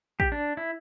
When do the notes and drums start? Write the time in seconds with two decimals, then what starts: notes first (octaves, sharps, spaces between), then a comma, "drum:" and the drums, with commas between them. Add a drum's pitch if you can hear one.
0.20 G4, drum: kick
0.32 D4
0.57 E4